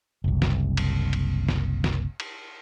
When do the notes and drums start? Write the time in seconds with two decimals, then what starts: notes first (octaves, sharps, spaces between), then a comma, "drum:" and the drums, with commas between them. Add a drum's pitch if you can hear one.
0.24 F#1 C2
0.42 drum: snare
0.77 drum: cymbal
1.13 drum: cymbal
1.49 drum: snare
1.84 drum: snare
2.20 drum: cymbal